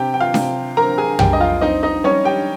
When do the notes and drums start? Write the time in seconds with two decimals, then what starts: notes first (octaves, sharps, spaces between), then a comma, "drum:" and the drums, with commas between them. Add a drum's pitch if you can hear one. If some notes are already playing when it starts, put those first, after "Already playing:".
Already playing: C3 G4 G5
0.14 G5
0.20 F4 F5
0.34 C3, drum: snare D4
0.77 C4 A#4 A#5
0.98 G#4 G#5
1.19 G3 G4 G5, drum: tom
1.33 D#5
1.40 F4 F5
1.61 C4 D#4 D#5
1.83 D#4 D#5
2.04 G3 C#4 C#5
2.25 G4 G5